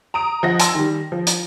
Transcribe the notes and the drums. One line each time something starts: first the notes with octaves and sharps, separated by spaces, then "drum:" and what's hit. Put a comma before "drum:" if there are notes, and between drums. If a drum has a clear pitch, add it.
A#5 D#6 D7
F3 D#5 F#5 A#6
G#5 A5 C6 E6, drum: hi-hat
D#3 G3
F3
drum: hi-hat